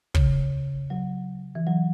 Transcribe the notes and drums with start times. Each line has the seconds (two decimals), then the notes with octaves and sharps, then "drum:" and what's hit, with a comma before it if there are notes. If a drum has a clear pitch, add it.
0.15 C#3, drum: kick
0.90 F#3
1.55 E3
1.67 F#3